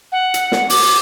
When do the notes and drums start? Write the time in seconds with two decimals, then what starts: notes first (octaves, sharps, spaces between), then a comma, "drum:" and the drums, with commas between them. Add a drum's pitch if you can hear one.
0.12 F#5
0.34 drum: hi-hat
0.52 drum: snare
0.70 D6, drum: open hi-hat